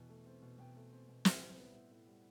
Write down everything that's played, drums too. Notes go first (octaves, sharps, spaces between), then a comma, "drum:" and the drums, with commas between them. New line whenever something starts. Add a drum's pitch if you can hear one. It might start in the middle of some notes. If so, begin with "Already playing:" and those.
Already playing: E2 B2
A3
C4
B2
B2 G5
A3
C4
B2
A2 F#5, drum: snare
E5
G3
C5
B3 B4
A2
A2
G3